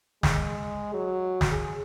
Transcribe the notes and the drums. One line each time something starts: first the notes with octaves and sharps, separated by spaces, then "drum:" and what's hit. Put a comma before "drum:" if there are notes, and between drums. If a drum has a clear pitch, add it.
G#3, drum: snare
F#3
drum: snare
G#4